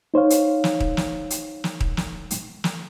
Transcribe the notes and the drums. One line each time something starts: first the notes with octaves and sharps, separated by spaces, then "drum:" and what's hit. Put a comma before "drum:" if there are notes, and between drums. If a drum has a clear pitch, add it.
D#4 C5 C#5 F5
drum: hi-hat
drum: snare
drum: kick D#1
drum: snare
drum: hi-hat
drum: snare
drum: kick D#1
drum: snare
drum: hi-hat
drum: snare